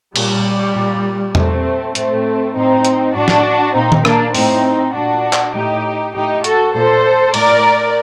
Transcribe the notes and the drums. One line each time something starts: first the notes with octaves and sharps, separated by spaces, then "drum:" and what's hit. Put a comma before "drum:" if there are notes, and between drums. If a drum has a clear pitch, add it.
A#2 G3, drum: cymbal
A#2
A#2 A3 C4, drum: tom E2
A2 A3 C4, drum: hi-hat
A2 C4 D#4
drum: hi-hat
A2 D4 F#4
drum: snare
A#2 C4 D#4
drum: tom D#3
A#3 D4, drum: rim click
A2 C4 D#4, drum: open hi-hat
A#2 D4 F#4
drum: clap
A2 D#4 G4
A2 D#4 G4
F#4 A4, drum: hi-hat
A#2 A4 C5
A2 A#4 D5, drum: cymbal